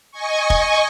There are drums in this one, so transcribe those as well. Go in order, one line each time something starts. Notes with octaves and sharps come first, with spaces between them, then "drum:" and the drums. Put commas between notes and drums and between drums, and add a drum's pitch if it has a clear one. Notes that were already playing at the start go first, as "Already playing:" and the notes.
D#5 G#5 C#6
drum: kick